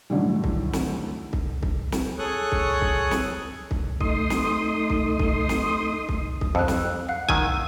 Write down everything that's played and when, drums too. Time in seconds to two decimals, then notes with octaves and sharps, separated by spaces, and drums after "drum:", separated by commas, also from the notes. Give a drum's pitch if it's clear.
0.10 F#2 A2 D3 D#3 G3
0.44 drum: kick C2
0.73 drum: snare
1.33 drum: kick C2
1.63 drum: kick C2
1.92 drum: snare
2.19 G#4 A4 C#5 C#6 D#6 F#6
2.52 drum: kick C2
2.82 drum: kick C2
3.11 drum: snare
3.71 drum: kick C2
4.00 A3 D#4 C6 D#6, drum: kick C2
4.30 drum: snare
4.90 drum: kick C2
5.19 drum: kick C2
5.49 drum: snare
6.09 drum: kick C2
6.41 D#6, drum: kick C2
6.55 F2 E6 F#6
6.68 drum: snare
7.09 F5 F#5 F#6
7.29 D#3 G#5 E6, drum: kick C2